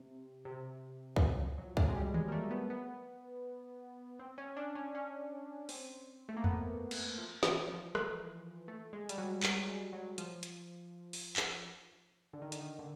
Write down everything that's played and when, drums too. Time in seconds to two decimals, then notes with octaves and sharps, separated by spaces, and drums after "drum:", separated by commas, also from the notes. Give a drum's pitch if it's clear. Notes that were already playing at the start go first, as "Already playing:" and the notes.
Already playing: C3
0.45 C3
1.16 F3, drum: kick
1.20 E3
1.39 F3
1.58 F#3
1.77 F#3, drum: kick
1.89 G#3
1.95 G3
2.14 G#3, drum: tom D#3
2.28 A#3
2.32 A3
2.51 B3
2.70 B3
4.19 C4
4.38 C#4
4.57 D4
4.75 C#4
4.95 C#4
5.69 C4, drum: open hi-hat
6.29 A3
6.36 A#3
6.44 B3, drum: tom E2
6.91 drum: cymbal
7.18 F3
7.43 E3, drum: snare
7.68 F3
7.95 drum: rim click
8.68 A3
8.93 G#3
9.09 G3, drum: hi-hat
9.18 F#3
9.43 G3, drum: clap
9.68 G#3
9.93 F#3
10.18 F3, drum: hi-hat
10.43 drum: hi-hat
11.13 drum: open hi-hat
11.36 drum: clap
12.33 D3
12.42 D#3
12.52 D3, drum: hi-hat
12.60 D#3
12.79 D3